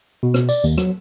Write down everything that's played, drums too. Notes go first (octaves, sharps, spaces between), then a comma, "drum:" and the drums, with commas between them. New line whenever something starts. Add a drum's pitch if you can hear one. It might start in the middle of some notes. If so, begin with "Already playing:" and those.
B2
drum: rim click
D5, drum: tambourine
D#2, drum: tambourine
F#3, drum: rim click